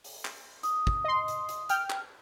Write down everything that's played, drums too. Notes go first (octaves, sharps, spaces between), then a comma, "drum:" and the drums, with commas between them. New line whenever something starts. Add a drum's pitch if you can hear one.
drum: open hi-hat
drum: clap
D#6, drum: hi-hat
drum: kick
D#5 C6
drum: hi-hat
drum: hi-hat
G5 F6, drum: hi-hat
drum: clap